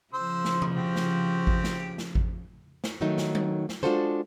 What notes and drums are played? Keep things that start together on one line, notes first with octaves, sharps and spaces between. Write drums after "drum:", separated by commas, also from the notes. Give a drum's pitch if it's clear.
C#3 F3 C5 C6 E6
drum: snare
drum: tom C3
C4 F#4 G4
drum: snare
drum: kick G#1
drum: snare
drum: snare
drum: kick G#1
drum: snare
D#3 F#3 A3 D#4
drum: snare
drum: tom F#3
drum: snare
G#3 D4 F4 F#4 A4 C5